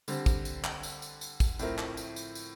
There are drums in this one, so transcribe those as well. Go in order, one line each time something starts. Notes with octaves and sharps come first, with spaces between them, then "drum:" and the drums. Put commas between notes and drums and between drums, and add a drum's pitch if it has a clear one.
D3 G3 C4, drum: tambourine
drum: kick, tambourine
drum: tambourine
drum: clap
drum: tambourine
drum: tambourine
drum: tambourine
drum: kick, tambourine
A2 F3 C4 E4 A#4, drum: tambourine
drum: clap
drum: tambourine
drum: tambourine
drum: tambourine